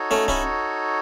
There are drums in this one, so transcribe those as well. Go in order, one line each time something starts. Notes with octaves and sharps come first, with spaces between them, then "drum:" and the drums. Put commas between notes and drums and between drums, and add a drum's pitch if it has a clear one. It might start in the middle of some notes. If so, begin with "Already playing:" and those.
Already playing: D#4 F#4 A4 C#5
A3 C#4
C#4 E4, drum: kick D1